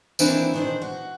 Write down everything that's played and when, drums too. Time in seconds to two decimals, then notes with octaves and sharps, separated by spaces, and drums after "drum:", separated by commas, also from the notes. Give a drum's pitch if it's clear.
0.19 D#3 E3 A#3 C4 D4 E4, drum: tambourine
0.54 D#3 D4 C5
0.82 F#4